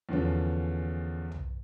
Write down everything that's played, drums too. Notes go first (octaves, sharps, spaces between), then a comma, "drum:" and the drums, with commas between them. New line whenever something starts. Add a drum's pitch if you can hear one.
E2 D3 F3 C#4
drum: tom B1